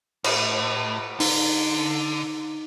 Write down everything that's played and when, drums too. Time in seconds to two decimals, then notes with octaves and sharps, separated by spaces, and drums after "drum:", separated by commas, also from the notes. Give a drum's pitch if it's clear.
0.24 A2, drum: cymbal
1.20 D3 D#4, drum: open hi-hat